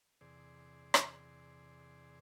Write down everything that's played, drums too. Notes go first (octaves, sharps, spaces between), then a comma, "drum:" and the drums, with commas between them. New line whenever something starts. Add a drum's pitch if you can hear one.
E2 C3 G#4 C5 D5
drum: rim click